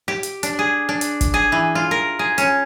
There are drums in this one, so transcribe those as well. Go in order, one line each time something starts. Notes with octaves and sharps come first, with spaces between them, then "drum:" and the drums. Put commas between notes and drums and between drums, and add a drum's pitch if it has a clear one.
G4
drum: hi-hat
D4, drum: hi-hat
G#4
D4
drum: hi-hat
drum: kick, hi-hat
G#4
E3
F4
A#4
G#4
C#4, drum: hi-hat